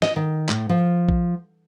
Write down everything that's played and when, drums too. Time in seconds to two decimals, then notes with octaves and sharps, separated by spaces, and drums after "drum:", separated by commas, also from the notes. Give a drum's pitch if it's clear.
0.02 D#5, drum: snare
0.16 D#3
0.49 A2, drum: clap
0.69 F3
1.09 drum: kick A#1